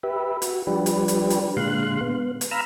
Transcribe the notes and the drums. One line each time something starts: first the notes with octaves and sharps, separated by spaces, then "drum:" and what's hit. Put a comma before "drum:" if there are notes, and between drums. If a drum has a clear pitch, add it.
G4 B4 E5
F#4, drum: hi-hat
F3 G3 D4 G4 B4
drum: hi-hat
drum: hi-hat
drum: hi-hat
A#2 D3 G#3 F5 C6 F#6
B3
drum: hi-hat
F5 A#5 B5 E6 F6